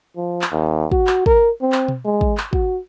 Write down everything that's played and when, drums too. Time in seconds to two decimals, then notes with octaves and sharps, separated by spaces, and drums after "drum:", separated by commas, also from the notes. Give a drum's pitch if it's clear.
0.16 F3
0.42 drum: clap
0.52 D#2
0.91 F#4, drum: kick
1.07 drum: clap
1.26 A#4, drum: kick
1.61 C4
1.72 drum: clap
1.88 drum: tom B2
2.05 G#3
2.21 drum: kick
2.37 drum: clap
2.53 F#4, drum: kick